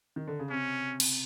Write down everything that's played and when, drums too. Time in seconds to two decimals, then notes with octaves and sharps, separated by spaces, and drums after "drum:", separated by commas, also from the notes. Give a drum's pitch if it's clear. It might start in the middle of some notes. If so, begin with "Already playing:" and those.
0.16 D#3
0.27 D3
0.39 C#3
0.50 C3 C#4
1.00 drum: cymbal